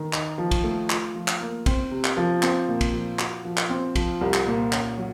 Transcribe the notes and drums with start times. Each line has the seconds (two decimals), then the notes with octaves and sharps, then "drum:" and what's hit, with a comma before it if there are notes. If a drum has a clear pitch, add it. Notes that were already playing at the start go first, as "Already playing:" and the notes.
Already playing: D#3
0.13 D#4, drum: clap
0.38 F3
0.51 drum: kick, cymbal
0.64 A3
0.90 F4, drum: clap
1.15 F3
1.28 drum: clap
1.40 A#3
1.66 C4, drum: kick, cymbal
1.91 C3
2.04 drum: clap
2.17 F3
2.43 C4, drum: clap
2.68 A#2
2.81 drum: kick, cymbal
2.93 F3
3.19 F#4, drum: clap
3.45 F3
3.57 drum: clap
3.70 C4
3.96 F3, drum: kick, cymbal
4.21 C2
4.34 drum: clap
4.47 A#2
4.73 C#4, drum: clap
4.98 F#3